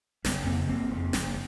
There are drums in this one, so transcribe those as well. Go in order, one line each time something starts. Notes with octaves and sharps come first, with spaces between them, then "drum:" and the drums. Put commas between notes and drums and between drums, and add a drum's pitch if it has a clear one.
F#1 B3 C#4, drum: snare
F2 C#3 A#3 C4
F#1 A#3 C4
F2 C#3
F#1, drum: snare